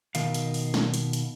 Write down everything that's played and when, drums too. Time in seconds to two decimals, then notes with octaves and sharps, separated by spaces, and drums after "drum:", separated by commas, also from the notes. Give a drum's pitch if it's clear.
0.15 B2 D#3 F5, drum: hi-hat
0.34 drum: hi-hat
0.54 drum: open hi-hat
0.74 drum: snare
0.94 drum: hi-hat
1.13 drum: hi-hat